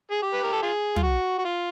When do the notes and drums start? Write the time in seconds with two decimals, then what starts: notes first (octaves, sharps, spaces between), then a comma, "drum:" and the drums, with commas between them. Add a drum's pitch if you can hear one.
0.11 G#4
0.22 G4
0.33 B4
0.44 A#4
0.53 A4
0.62 F4 G#4
0.96 F4, drum: tom
1.03 F#4
1.38 F#4
1.45 F4